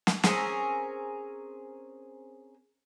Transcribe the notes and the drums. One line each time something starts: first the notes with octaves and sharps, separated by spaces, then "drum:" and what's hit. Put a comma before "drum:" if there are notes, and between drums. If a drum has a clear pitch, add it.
drum: snare
C4 C#4 G#4 A#4, drum: snare